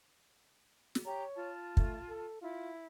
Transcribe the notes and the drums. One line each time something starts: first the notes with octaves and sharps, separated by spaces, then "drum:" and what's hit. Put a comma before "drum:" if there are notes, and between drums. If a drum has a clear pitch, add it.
drum: snare
G4 C#5 A#5
F4 A5
A3, drum: kick
A4
E4 F4